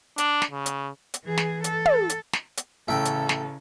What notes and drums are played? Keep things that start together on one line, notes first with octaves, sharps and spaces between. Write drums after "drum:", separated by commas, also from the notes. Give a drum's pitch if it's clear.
D4, drum: hi-hat
drum: snare
C#3
drum: hi-hat
drum: hi-hat
E3 G#4
drum: snare
A4, drum: hi-hat
drum: tom
drum: hi-hat
drum: snare
drum: hi-hat
A1 C#3 A4 E5 G5
drum: hi-hat
drum: snare